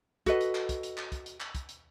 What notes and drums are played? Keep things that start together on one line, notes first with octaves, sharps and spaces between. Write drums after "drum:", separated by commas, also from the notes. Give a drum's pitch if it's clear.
F#4 A4 B4 D#5, drum: kick, hi-hat
drum: hi-hat
drum: clap
drum: kick, hi-hat
drum: hi-hat
drum: clap
drum: kick, hi-hat
drum: hi-hat
drum: clap
drum: kick, hi-hat
drum: hi-hat